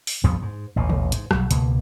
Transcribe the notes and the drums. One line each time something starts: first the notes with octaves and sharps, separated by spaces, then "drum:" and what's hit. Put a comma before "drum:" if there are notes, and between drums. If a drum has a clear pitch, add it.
drum: open hi-hat
C2 G2 F3 B3
G#2
A1 D#2 B2
drum: tom
G#2, drum: hi-hat
B1 F#3 G3, drum: rim click
C#2 B2 A#3, drum: hi-hat